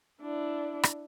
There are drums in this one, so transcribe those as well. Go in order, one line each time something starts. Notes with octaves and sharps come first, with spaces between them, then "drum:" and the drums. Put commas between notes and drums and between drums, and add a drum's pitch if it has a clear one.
D4 E4
drum: rim click